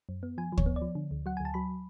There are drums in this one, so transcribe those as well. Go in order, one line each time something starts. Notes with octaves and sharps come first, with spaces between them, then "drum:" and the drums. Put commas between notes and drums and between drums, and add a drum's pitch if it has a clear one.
F#2
B3
F3 G#5
F3
C#5, drum: kick D2
B3
D5
F3
D3
D2
F#3 F#5
D2 G#5
A5
F#3 B5